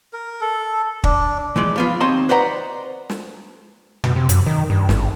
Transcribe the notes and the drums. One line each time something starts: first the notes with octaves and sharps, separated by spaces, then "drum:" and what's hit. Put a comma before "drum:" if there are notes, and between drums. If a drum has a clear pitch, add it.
A#4
A4
D4, drum: kick
E3 F3 G#3 D5
F3 B3 F4
D#2 C4 C#5 D#5 A5 C6
B4 C5 D5 D#5 F#5 A#5
drum: snare
B2, drum: tom
C3
F#2, drum: hi-hat
D#3
G2
G#1, drum: snare